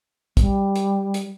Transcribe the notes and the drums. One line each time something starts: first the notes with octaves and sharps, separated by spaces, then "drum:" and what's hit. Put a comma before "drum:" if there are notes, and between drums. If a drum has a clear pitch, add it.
G3, drum: kick, hi-hat
drum: hi-hat
drum: hi-hat